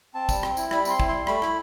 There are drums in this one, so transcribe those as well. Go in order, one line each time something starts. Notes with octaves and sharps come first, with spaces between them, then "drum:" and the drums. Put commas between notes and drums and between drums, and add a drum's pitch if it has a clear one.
C4 A5
G3, drum: kick, tambourine
C4, drum: rim click
E4, drum: tambourine
G3 B5, drum: rim click
C4 C6, drum: tambourine
E4, drum: kick
G3 C6
A3 B5, drum: rim click
E4, drum: rim click